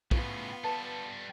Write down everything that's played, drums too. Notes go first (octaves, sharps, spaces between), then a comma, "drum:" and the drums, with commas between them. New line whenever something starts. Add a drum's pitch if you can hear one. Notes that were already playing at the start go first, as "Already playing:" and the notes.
A2 C#3 B3 F4, drum: kick
G3 A4 B4 A5